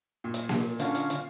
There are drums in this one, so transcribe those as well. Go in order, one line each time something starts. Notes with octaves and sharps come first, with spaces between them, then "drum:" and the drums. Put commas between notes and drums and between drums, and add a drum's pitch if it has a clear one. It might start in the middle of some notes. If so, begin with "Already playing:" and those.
A#2
drum: hi-hat
drum: snare A#3
D3 C#4 F5, drum: hi-hat
drum: hi-hat
drum: hi-hat